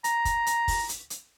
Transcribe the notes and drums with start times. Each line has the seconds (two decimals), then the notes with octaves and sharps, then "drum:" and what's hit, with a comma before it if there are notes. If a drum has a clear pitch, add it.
0.04 A#5, drum: hi-hat
0.25 drum: kick, hi-hat
0.47 drum: hi-hat
0.68 drum: kick, open hi-hat
0.89 drum: hi-hat
1.10 drum: hi-hat